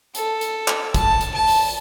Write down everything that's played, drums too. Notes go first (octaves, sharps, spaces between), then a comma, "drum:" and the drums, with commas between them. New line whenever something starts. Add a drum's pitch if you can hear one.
A4, drum: hi-hat
drum: hi-hat
drum: clap
A5, drum: kick, hi-hat
drum: hi-hat
A5
drum: open hi-hat